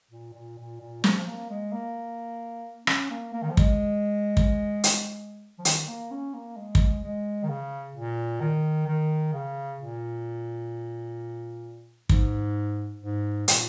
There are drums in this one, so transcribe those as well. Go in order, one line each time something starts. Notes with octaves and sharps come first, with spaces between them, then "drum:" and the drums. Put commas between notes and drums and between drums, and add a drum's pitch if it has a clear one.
A#2
A#2
A#2
A#2
F3, drum: snare
A#3
G#3
A#3
C#4, drum: rim click
A#3
A#3
D#3
F3
G#3, drum: kick
drum: kick
drum: hi-hat
F3
D#3, drum: hi-hat
A#3
C#4
A#3
G#3
drum: kick
G#3
D#3
C#3
A#2
D#3
D#3
C#3
A#2
G#2, drum: kick
G#2
A#2, drum: hi-hat